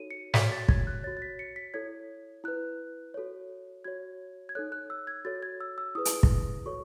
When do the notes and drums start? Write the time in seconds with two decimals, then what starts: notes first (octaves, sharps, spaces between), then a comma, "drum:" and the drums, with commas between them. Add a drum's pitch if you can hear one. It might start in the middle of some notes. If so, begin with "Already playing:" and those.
Already playing: D#4 F#4 A4 C#5 D#7
0.11 C#7
0.34 F#4 A4 C#5 B6, drum: snare
0.52 A6
0.69 G#6, drum: kick
0.87 F#6
1.04 F#4 C#5 A6
1.17 A6
1.22 B6
1.39 C#7
1.56 B6
1.74 E4 A4 C#5 G#6
2.44 E4 B4 F#6
3.14 F#4 A4 C#5
3.84 F#4 C#5 G#6
4.49 G#6
4.55 D#4 A4 C#5 F#6
4.72 F#6
4.90 E6
5.07 G#6
5.25 F#4 A4 C#5 A6
5.43 G#6
5.61 E6
5.78 E6
5.95 E4 G#4 B4 D#6
6.05 drum: hi-hat
6.23 drum: kick
6.66 F#4 A4 C#5 C#6